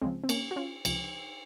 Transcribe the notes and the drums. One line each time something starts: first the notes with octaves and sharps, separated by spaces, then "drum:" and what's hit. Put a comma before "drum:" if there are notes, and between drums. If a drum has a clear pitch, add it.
C#2 C#3 F3 G#3 C4
C4
A#3 C#4, drum: cymbal
F#4
C#4 F4
C#2 C3 F3, drum: cymbal